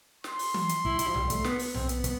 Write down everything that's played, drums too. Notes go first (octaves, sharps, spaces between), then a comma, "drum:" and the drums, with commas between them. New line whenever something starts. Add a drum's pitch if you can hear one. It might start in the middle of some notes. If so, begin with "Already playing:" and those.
C6, drum: snare
drum: open hi-hat
drum: tom
drum: hi-hat
E4, drum: kick
E4, drum: hi-hat
F3
G3, drum: tom B1
A3, drum: kick, hi-hat
B3, drum: snare
B3, drum: open hi-hat
C4, drum: tom B1
B3, drum: hi-hat
B3, drum: kick, hi-hat